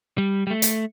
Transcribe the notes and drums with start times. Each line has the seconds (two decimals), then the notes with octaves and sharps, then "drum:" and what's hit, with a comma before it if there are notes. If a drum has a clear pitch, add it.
0.18 G3
0.47 G3
0.50 A3
0.62 drum: hi-hat